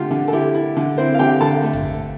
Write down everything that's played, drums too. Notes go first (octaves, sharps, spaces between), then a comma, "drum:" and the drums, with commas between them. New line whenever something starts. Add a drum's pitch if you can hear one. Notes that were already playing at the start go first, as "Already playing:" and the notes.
Already playing: D3 A3 F4 G4
D3
A4
E4 G4
E4
D3
C4 E4 C5
F5
D3 G4 G5
D3 A4 A5
A3
drum: tom A1